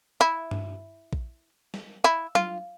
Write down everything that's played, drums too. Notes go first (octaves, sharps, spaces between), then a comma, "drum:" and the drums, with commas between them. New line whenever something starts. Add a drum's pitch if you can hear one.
E4
drum: tom G2
drum: kick A#1
drum: snare
E4
F4, drum: tom F#3